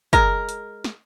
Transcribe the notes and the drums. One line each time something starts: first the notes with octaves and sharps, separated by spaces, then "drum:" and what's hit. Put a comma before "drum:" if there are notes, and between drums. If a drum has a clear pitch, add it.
G#3 A#4, drum: kick, hi-hat
drum: hi-hat
drum: snare